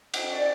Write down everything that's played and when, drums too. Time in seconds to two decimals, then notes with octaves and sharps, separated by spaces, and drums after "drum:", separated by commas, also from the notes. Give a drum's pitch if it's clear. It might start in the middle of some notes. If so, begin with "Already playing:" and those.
0.14 drum: cymbal
0.33 D5